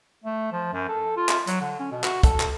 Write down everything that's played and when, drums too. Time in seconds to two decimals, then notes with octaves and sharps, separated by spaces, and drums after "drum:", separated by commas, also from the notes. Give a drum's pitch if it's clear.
0.24 A3
0.52 F3
0.73 F#2
0.88 A4
1.17 F4
1.29 drum: clap
1.47 F#3, drum: hi-hat
1.61 D3
1.80 C#4
1.92 B2
2.04 F#4, drum: clap
2.23 A4, drum: kick, hi-hat
2.40 drum: clap